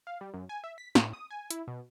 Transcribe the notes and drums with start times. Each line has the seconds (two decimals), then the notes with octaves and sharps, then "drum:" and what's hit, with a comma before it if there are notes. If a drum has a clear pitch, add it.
0.07 F5
0.21 G3
0.34 F#2
0.49 G#5
0.64 E5
0.78 B6
0.95 A2, drum: snare
1.13 D#6
1.31 G#5
1.50 E4, drum: hi-hat
1.68 B2